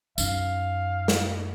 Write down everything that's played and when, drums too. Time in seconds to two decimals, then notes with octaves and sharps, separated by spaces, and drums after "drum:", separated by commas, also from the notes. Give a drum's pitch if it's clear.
0.18 F#2 D#4 F5, drum: tambourine
1.08 drum: snare